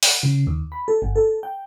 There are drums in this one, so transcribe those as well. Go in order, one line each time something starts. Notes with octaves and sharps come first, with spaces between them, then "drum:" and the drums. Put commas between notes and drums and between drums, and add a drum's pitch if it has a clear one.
drum: open hi-hat
C#3
D#2
B5
A4
G1
A4
G5